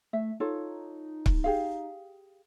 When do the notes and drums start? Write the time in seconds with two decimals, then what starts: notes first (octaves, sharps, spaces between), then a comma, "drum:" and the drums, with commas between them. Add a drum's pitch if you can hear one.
0.13 A3 E5
0.40 D#4 F4 A4 C#5
1.26 drum: kick C#1
1.44 G4 G#4 F5